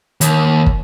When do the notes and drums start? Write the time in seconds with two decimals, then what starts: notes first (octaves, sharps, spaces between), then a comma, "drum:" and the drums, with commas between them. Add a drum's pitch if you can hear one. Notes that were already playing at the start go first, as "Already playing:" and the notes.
0.21 D#2, drum: hi-hat
0.66 drum: kick